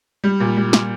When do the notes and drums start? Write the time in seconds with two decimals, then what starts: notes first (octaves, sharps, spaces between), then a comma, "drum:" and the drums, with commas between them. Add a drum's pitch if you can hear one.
0.24 G3
0.40 A#2
0.57 G3
0.73 A#2, drum: snare